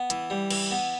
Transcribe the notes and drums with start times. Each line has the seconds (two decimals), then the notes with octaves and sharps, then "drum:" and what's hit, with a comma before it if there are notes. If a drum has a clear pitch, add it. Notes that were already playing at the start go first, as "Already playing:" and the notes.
Already playing: B3
0.10 E3, drum: hi-hat
0.30 G3
0.50 E3, drum: cymbal
0.71 B3